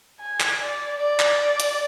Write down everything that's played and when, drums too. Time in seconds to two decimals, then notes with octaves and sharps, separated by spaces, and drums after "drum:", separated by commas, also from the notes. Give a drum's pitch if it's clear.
0.21 G#5
0.41 drum: clap
0.61 D5
1.00 D5
1.20 drum: clap
1.60 drum: hi-hat